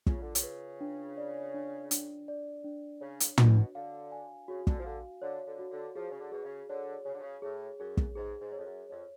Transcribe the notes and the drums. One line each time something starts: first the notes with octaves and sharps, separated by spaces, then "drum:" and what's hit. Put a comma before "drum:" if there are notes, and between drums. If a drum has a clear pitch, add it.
C#3 F4, drum: kick
D3
C#3, drum: hi-hat
B4
D4
D5
D4
D4, drum: hi-hat
D5
D4
C#3 C#5
drum: hi-hat
B2 F#4, drum: tom
D3 F5
G#5
C#3 F#4
D3, drum: kick
F3
D3 F5
D3 C#5
D3
F#4
D3
F3 G#4
C#3
D3
B2 G#4
C#3
D3 C#5
C#3 C#5
D3
C#3
A2 G#4
F#2 G#4
drum: kick
G#2 G#4
G#2
C#5
F2
F#2
F2 C#5